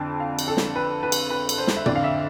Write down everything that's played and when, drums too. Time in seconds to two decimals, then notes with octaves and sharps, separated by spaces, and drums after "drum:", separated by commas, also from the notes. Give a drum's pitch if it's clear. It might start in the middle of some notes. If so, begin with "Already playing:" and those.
Already playing: F2 D3 A5
0.20 F5
0.39 drum: cymbal
0.48 A4
0.57 drum: snare
0.76 B4
1.03 B4
1.12 drum: cymbal
1.30 B4
1.49 drum: cymbal
1.58 C5
1.67 drum: snare
1.77 E5
1.86 F2 D3 D5, drum: tom
1.96 F5
2.04 E5